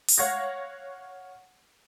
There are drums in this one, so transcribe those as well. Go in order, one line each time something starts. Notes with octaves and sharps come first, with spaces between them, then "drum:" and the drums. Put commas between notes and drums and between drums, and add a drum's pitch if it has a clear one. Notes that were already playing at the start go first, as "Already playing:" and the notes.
drum: open hi-hat
C#5 F5 F#5 C#6 G#6 A#6